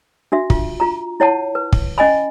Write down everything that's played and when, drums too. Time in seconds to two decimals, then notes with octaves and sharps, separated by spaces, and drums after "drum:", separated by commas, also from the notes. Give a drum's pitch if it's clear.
0.32 D4 F#4 E5
0.50 F4, drum: kick
0.80 F4 A#5
1.20 E4 C#5 F#5 A5
1.55 B4
1.73 drum: kick
1.98 C#4 D#5 G#5 B5